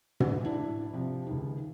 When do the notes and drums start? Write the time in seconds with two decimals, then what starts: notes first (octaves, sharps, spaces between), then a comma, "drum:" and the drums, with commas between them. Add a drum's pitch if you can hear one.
0.20 A#1, drum: tom
0.45 D4 E4
0.93 C3 F3
1.27 C#2 D#3